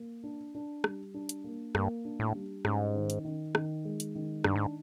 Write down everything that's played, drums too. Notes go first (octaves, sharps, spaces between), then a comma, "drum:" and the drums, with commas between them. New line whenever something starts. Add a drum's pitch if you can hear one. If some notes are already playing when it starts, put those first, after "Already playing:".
Already playing: A#3
D4
D4
G3, drum: rim click
D4
drum: hi-hat
A#3
G2 A#3, drum: rim click
D4
A2
G3
G#2 C#4, drum: rim click
D#3
drum: hi-hat
D#3
D#3, drum: rim click
G#3
drum: hi-hat
D#3
G2 D4, drum: rim click
G#2